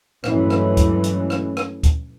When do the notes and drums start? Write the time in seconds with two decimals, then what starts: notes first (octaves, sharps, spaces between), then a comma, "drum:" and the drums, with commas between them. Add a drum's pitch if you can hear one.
0.24 G2 E3 F#3 G#3 A3 C#4, drum: rim click
0.50 drum: rim click
0.77 drum: kick, hi-hat
1.04 drum: hi-hat
1.30 drum: rim click
1.57 drum: rim click
1.83 drum: kick, hi-hat